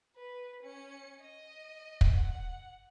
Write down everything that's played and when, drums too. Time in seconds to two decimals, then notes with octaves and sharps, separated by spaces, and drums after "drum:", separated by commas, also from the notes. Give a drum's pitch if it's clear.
0.16 B4
0.63 C#4 C#7
1.21 D#5
2.01 drum: kick
2.13 F#5